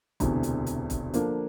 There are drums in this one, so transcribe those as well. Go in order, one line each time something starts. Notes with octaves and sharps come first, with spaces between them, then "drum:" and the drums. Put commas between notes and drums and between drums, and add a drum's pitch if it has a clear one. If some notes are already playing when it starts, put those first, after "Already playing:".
E1 D2 C3 E3, drum: kick, hi-hat
drum: hi-hat
drum: hi-hat
drum: kick, hi-hat
D3 F3 A#3 D4, drum: hi-hat